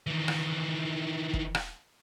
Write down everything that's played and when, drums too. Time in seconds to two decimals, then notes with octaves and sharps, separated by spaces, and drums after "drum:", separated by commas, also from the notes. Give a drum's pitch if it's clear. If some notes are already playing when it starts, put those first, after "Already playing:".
0.07 D#3 E3
0.28 drum: rim click
1.33 drum: kick
1.55 drum: rim click